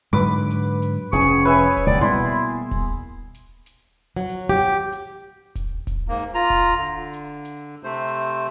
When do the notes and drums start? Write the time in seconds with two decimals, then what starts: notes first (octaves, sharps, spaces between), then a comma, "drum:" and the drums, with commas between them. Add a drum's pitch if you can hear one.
0.13 G#2 D3 F#3 B4 D6
0.50 drum: hi-hat
0.82 drum: hi-hat
1.13 F1 C#4 G#4 C#6, drum: hi-hat
1.45 B4 C#5 E5 G#5
1.77 drum: kick D#1, hi-hat
1.87 E1 C#2 D5
2.01 B2 G3 A#3 E4 C6
2.71 drum: kick D#1, open hi-hat
3.34 drum: hi-hat
3.66 drum: hi-hat
4.17 F#3
4.29 drum: hi-hat
4.49 G4
4.61 drum: hi-hat
4.92 drum: hi-hat
5.55 drum: kick D#1, hi-hat
5.87 drum: kick D#1, hi-hat
6.08 G#2 A#3
6.19 drum: hi-hat
6.34 F4 A#5
6.50 drum: kick D#1, open hi-hat
6.77 D3
7.13 drum: hi-hat
7.45 drum: hi-hat
7.83 C3 A3 C5
8.08 drum: hi-hat